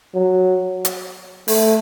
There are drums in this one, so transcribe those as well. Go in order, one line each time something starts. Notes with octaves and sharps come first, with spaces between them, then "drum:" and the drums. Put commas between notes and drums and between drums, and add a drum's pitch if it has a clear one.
F#3
drum: hi-hat
A3, drum: open hi-hat